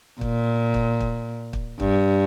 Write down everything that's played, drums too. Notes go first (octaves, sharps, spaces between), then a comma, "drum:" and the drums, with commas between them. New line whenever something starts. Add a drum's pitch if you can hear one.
A#2, drum: kick
drum: kick
drum: kick
drum: kick
G2, drum: kick